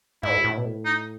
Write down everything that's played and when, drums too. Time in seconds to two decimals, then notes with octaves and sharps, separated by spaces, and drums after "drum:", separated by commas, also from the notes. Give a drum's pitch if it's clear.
0.23 G#2 E4, drum: tom
0.44 A2
0.57 B2
0.65 A2
0.85 D#4